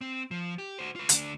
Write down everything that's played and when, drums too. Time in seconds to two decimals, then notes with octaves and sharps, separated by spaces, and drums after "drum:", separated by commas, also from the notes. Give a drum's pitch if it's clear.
0.01 C4
0.31 F3
0.58 G4
0.79 F#4 C5
0.96 F4 B4
1.09 D2 D4, drum: hi-hat